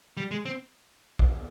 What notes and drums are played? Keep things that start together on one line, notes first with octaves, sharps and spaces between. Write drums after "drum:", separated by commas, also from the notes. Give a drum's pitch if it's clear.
G3
G#3
C4
drum: kick